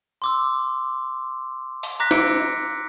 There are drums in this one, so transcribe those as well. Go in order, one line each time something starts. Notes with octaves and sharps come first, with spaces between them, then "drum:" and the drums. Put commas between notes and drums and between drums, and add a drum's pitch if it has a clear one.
C6 D6 E6
drum: open hi-hat
A#5 D6 F#6 A#6 B6
E6 C#7 D7, drum: snare